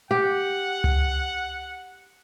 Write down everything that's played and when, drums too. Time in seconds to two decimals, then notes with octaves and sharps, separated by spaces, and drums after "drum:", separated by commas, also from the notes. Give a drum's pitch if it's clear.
0.11 G4 F#5
0.84 drum: tom C#2